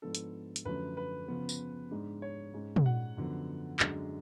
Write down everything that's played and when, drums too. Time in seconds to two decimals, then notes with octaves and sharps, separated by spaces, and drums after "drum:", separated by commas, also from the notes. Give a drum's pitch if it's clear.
0.02 G#2 F3 B3 D4 A4
0.15 drum: hi-hat
0.56 drum: hi-hat
0.65 F#2 D3 F3 A3 C#4 B4
0.97 B4
1.28 C#3 F3 B3
1.49 drum: tambourine
1.91 G#2 G#3 D4
2.22 C#5
2.54 G#2 G#3 C#4
2.76 drum: tom
2.86 F#5
3.17 F#2 D3 F3 B3
3.80 F#2 D3 G#3 D4, drum: clap